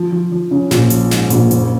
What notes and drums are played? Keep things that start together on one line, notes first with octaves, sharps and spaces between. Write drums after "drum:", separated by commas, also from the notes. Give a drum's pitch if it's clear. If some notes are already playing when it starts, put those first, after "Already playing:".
Already playing: F3
F3
F3
C#3
A#1, drum: snare
F3, drum: hi-hat
G#2, drum: snare
A#1, drum: hi-hat
F#1, drum: hi-hat